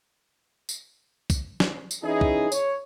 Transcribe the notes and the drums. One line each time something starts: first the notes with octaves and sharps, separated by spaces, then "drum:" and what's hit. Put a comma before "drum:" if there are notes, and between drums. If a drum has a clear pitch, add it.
drum: tambourine
drum: kick, tambourine
drum: snare
drum: tambourine
E3 C#4 D#4 E4 G#4
drum: kick
C#5, drum: tambourine